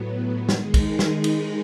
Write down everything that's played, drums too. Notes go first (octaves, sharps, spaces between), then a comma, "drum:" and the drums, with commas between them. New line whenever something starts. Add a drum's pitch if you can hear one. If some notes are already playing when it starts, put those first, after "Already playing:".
Already playing: A2 F#3 B3
D#3 G#3 D#4 G#4, drum: snare
drum: kick, cymbal
drum: snare
drum: cymbal